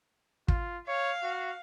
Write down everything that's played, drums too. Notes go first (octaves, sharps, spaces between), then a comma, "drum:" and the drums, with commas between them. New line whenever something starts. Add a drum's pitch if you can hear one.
F4, drum: kick
C#5 F5
F#4